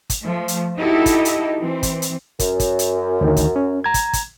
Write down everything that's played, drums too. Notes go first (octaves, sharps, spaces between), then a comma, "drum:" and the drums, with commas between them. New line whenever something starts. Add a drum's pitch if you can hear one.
drum: kick, hi-hat
F3 A3
drum: hi-hat
D#4 E4 F#4 G4 A4 D#5
drum: kick, hi-hat
drum: hi-hat
E3 C4
drum: kick, hi-hat
drum: hi-hat
F#2, drum: kick, hi-hat
drum: kick, hi-hat
drum: hi-hat
D2 D#3
drum: kick, hi-hat
C#4
A#5 G#6
drum: kick, hi-hat
drum: kick, hi-hat